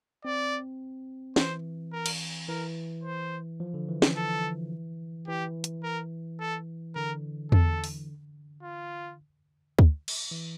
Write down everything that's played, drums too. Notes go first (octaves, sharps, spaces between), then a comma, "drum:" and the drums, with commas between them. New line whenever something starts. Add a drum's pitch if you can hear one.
C4 D5
E3 C5, drum: snare
A#4
drum: cymbal
E3 A#4
C5
F3
D3
E3
E3, drum: snare
A4
E3 G4
drum: hi-hat
A#4
A4
D3 A#4
A4, drum: tom E2
drum: open hi-hat
F4
drum: kick D2
drum: cymbal
E3